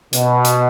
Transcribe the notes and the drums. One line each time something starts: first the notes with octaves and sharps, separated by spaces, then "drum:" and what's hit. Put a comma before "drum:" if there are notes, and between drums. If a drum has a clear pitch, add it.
B2, drum: hi-hat
drum: hi-hat